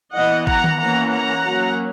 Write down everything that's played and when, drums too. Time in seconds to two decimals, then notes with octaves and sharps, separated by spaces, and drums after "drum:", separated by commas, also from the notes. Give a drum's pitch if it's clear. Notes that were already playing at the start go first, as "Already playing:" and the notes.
0.14 E3 B3 D#5 F#5
0.47 F#5 A#5, drum: kick A1
0.64 drum: tom D#3
0.80 E3 A#3 C#4 F#5 A#5
1.12 F#5 A#5
1.44 F#3 A#3 C#4